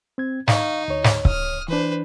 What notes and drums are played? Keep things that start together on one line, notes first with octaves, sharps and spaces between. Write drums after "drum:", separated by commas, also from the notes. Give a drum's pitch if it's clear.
C4 G#6
D#4 F5 C#6, drum: snare
D2 C#5
drum: snare
D#6 F6, drum: kick C#1
E3 D4 B4 C5